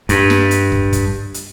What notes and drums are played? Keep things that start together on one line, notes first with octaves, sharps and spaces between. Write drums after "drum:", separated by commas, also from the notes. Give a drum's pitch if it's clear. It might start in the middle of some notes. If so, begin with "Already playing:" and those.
G2, drum: hi-hat
drum: snare
drum: hi-hat
drum: kick
drum: kick, hi-hat
drum: hi-hat